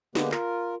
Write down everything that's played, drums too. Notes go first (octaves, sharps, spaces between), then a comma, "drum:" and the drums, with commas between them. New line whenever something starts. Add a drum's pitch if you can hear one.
D3 G#3 A#3 B3 G4 B4, drum: snare
F4 A#4, drum: clap